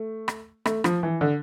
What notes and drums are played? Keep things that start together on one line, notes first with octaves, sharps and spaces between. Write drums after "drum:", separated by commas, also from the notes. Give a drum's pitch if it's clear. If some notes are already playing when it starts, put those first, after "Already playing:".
Already playing: A3
drum: rim click
A3, drum: rim click
F3, drum: rim click
E3
D3